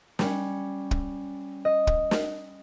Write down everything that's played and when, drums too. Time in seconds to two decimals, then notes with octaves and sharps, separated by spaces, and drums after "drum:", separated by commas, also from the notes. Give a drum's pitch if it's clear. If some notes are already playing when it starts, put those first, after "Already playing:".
0.19 G3 C#4, drum: snare
0.91 drum: kick
1.65 D#5
1.87 drum: kick
2.11 drum: snare